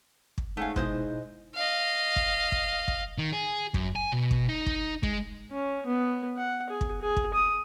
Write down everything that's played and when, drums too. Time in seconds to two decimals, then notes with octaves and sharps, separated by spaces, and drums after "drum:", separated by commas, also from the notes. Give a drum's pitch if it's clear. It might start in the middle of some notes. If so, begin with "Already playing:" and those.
0.38 drum: kick
0.57 G#2 A3 C#4 F5 F#5 G#5
0.76 B2 G#3 D#4 E4 C5 D#5, drum: kick
1.55 D#5 F5
2.16 drum: kick
2.52 drum: kick
2.88 drum: kick
3.18 D#3
3.32 G#4
3.74 F#2, drum: kick
3.96 G#5
4.12 B2
4.31 drum: kick
4.49 D#4
4.66 drum: kick
5.03 G#3, drum: kick
5.51 C#4
5.86 B3
6.37 F#5
6.70 G#4
6.81 drum: kick
7.01 G#4
7.17 drum: kick
7.34 D#6